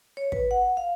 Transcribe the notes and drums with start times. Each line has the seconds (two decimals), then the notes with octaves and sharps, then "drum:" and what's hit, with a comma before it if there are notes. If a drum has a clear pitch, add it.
0.17 C#5
0.32 B4, drum: kick
0.51 F#5
0.77 F5